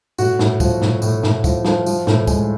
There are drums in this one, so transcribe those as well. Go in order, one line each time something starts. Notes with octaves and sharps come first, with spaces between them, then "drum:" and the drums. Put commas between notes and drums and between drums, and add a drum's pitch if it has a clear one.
A2 F#4, drum: tambourine
A2, drum: snare
F3, drum: kick, tambourine
A2, drum: snare
A2, drum: tambourine
A2, drum: snare
F3, drum: kick, tambourine
F3, drum: snare
F3, drum: tambourine
A2, drum: snare
G#3, drum: kick, tambourine